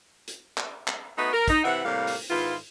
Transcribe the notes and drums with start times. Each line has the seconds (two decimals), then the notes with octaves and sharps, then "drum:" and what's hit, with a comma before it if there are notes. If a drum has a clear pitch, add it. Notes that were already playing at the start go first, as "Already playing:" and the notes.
0.28 drum: hi-hat
0.58 drum: clap
0.88 drum: clap
1.18 A3 B3 D#4 F#4 B4
1.33 A#4
1.48 D#4, drum: kick, hi-hat
1.64 C3 E3 E5 F#5
1.84 A2 C3 G3 A#3 G4 F5
2.07 drum: open hi-hat
2.30 G#2 D#3 B3 E4 F4